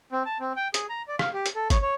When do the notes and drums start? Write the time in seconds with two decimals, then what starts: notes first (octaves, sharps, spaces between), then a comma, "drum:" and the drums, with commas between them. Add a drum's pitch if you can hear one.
0.12 C4
0.25 A5
0.40 C4
0.56 G5
0.74 G#4, drum: hi-hat
0.89 A#5
1.08 D5
1.19 F5, drum: rim click
1.33 G4
1.46 drum: hi-hat
1.56 A4
1.70 C#5, drum: kick G1, hi-hat
1.82 C#5